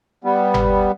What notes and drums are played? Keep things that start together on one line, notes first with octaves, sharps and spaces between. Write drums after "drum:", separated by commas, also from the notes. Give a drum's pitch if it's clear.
G3 B3
drum: tom G1